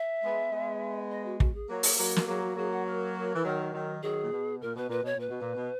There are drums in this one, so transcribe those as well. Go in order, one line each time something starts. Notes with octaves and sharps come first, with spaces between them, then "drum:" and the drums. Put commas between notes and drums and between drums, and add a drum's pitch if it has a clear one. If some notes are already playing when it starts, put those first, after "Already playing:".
Already playing: E5
G#3 B3
G#3 B3
D#5
F#4
F#4, drum: kick
G#4
F#3 A#3
drum: open hi-hat
F#3 A#3
A#4, drum: snare
F#3 A#3 G#4
F#4
F#3 A#3 G#4
F#5
A#4
E3
D#3 F#3
D#3 F#3
D#3 F#3 G#4
A#2
B2
A#2 A#4
B2 B4
A#2 B4
B2 C#5
A#2
B4
B2
A#2
B2